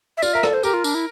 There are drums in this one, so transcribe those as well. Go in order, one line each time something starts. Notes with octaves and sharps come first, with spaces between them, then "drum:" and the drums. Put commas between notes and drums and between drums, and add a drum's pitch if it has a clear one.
E5
F4 D5, drum: tambourine
A#4 E5
A4 D5, drum: rim click
C5
G4 A#4, drum: tambourine
F4
D4, drum: tambourine
E4